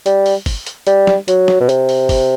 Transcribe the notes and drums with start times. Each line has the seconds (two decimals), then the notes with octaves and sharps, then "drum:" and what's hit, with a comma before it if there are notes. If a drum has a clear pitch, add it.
0.06 G3, drum: hi-hat
0.26 drum: open hi-hat
0.46 drum: kick, open hi-hat
0.66 drum: hi-hat
0.87 G3, drum: hi-hat
1.07 drum: snare
1.28 F#3, drum: hi-hat
1.48 drum: snare
1.60 B2
1.69 C3, drum: hi-hat
1.89 drum: open hi-hat
2.09 drum: kick, open hi-hat